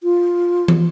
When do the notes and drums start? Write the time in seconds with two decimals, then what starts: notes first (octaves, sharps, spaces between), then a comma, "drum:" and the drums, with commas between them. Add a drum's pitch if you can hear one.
0.03 F4
0.68 drum: tom